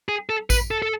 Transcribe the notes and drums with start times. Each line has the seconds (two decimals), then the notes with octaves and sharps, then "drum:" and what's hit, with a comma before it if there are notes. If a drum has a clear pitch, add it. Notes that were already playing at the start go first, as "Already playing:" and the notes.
0.09 G#4
0.29 A4
0.50 B4, drum: kick A1, tambourine
0.71 A4
0.82 A4